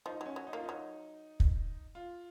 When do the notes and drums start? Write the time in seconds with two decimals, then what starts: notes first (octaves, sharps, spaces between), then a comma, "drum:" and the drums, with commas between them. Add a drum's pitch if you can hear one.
0.06 F3 D#4
0.21 F#3 C#4
0.36 F#3
0.47 D#4
0.53 A#3 F4
0.64 F#3 D#4
1.40 drum: kick
1.95 F4